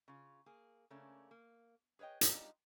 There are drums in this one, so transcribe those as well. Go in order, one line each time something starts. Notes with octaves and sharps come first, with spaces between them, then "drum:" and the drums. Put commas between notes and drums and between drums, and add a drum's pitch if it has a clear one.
C#3 F4
A#3 G#4
C#3 A3 A#3 C#4 D4
A#3
G#4 B4 C#5 D#5 G5
G3 G#3 D4 D#4 F4 G4, drum: hi-hat